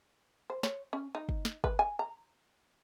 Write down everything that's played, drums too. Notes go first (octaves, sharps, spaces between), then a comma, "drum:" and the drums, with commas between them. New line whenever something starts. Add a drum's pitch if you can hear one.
C5
C#5, drum: snare
C#4
D#4
drum: kick
drum: snare
B4, drum: kick
G#5
A#5